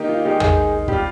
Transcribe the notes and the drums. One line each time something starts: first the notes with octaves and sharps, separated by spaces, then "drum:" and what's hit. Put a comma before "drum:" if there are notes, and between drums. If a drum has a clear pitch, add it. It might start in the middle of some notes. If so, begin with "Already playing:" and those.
Already playing: D#3 A#3 D#4 G4
F4
D#3 G#3 D#4 G4
G#4, drum: tom
G3 C4 F4 G4, drum: kick